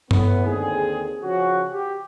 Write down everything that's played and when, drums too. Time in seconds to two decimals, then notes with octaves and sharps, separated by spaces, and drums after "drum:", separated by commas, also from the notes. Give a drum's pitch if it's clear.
0.11 A2 B3, drum: tom G2
0.46 D#2 D3 C4 G#4
1.23 C#3 F3 C#4 F#4
1.73 G4